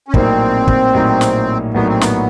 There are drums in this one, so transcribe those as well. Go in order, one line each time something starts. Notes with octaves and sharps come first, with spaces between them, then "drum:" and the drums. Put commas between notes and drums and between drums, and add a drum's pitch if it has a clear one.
C#4
A#1 A2 F#3 A#3 C4 D#4, drum: kick
drum: kick
A#1 A2 F#3 A#3 D#4
drum: snare
A#1 A2 F#3 A#3 B3 D#4
C4
B3, drum: snare